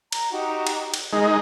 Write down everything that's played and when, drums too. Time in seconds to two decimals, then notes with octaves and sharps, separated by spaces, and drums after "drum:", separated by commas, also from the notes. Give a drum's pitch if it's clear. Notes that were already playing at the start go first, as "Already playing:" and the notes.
0.12 A#5, drum: cymbal
0.31 D#4 F#4 G4
0.67 drum: cymbal
0.94 drum: cymbal
1.13 G#3 D#4 A#4